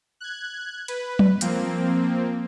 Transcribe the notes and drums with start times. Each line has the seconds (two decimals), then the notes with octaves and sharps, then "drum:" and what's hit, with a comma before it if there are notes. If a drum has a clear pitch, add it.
0.20 F#6 G#6
0.88 B4, drum: cymbal
1.19 drum: tom F#3
1.41 F3 A#3 C4, drum: hi-hat